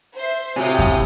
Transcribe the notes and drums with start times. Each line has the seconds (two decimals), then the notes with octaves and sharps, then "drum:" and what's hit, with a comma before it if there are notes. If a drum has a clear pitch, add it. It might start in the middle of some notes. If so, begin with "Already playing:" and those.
0.15 C5 E5 C7
0.56 A2 C3 F#4 F5 G5 G#5 D#6
0.79 drum: kick F2, hi-hat